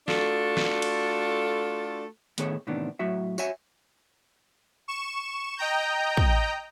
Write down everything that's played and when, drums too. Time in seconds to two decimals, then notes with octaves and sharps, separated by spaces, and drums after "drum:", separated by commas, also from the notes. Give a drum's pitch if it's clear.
0.08 A3 D4 F4 F#4 A4, drum: snare
0.57 drum: snare
0.82 drum: cymbal
2.38 A2 D#3 B3 G#4 A4 C#5, drum: hi-hat
2.67 A2 C3 D#3 E3 B3 D4
2.99 A2 F#3 F#4 E5
3.38 F#4 C#5 E5 G#5, drum: tambourine
4.88 C#6 E7
5.57 D#5 G5 A#5 G6
6.17 drum: kick